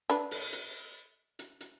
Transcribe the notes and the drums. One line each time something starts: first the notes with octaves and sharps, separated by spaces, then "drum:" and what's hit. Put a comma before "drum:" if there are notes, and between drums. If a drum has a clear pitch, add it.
D4 B4, drum: hi-hat
drum: open hi-hat
drum: hi-hat
drum: hi-hat
drum: hi-hat